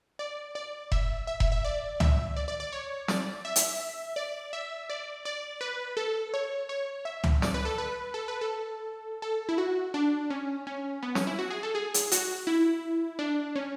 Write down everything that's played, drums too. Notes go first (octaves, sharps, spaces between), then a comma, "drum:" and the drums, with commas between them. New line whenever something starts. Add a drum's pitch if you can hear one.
D5
D5
E5, drum: kick F1
E5
E5, drum: kick F1
E5
D5
E5, drum: tom C#2
D5
D5
D5
C#5
D5, drum: snare
E5
drum: hi-hat
D5
E5
D5
D5
B4
A4
C#5
C#5
E5
drum: tom C#2
D5, drum: snare
B4
A4
B4
A4
B4
A4
A4
E4
F#4
D4
C#4
C#4
B3
C#4, drum: snare
E4
F#4
G#4
A4
G#4
drum: hi-hat
F#4, drum: hi-hat
E4
D4
C#4